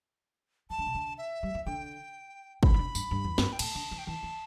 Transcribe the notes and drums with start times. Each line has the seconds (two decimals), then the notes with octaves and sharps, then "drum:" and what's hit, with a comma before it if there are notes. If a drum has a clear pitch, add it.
0.70 E3 A5
0.78 D3
0.86 B2
0.95 D3
1.18 E5
1.43 G3
1.55 E3
1.66 D3 G5
2.63 B2 B5, drum: kick
2.74 E3
2.79 D3
2.95 G2, drum: tambourine
3.11 G2
3.24 E2
3.38 G2, drum: snare
3.53 G5
3.59 A2 A5, drum: cymbal
3.75 D3
3.91 E3
3.98 G5
4.07 E3 A5
4.23 E3